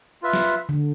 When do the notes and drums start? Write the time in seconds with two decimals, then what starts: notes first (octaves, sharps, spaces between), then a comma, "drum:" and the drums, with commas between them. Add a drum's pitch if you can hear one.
0.23 F4 B4 E5
0.33 drum: snare
0.69 D3